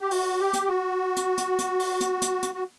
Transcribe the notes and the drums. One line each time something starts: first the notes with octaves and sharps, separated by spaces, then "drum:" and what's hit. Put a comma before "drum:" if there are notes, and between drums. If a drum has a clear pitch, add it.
G4
F#4, drum: open hi-hat
G4
drum: hi-hat
F#4
drum: hi-hat
drum: hi-hat
drum: hi-hat
drum: open hi-hat
drum: hi-hat
drum: hi-hat
drum: hi-hat
F#4